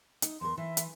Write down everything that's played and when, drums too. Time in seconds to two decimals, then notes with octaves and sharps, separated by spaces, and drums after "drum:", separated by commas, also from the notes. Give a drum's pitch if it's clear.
0.22 D#4, drum: hi-hat
0.41 E2 A#4 C6
0.57 E3 E5
0.77 drum: hi-hat